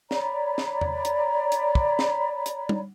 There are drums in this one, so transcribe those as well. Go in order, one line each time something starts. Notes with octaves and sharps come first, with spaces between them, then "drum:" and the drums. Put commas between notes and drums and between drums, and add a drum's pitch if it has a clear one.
C#5 D5 A#5 B5, drum: snare
drum: snare
drum: tom E2
drum: hi-hat
drum: hi-hat
drum: kick
drum: snare
drum: hi-hat
drum: tom G3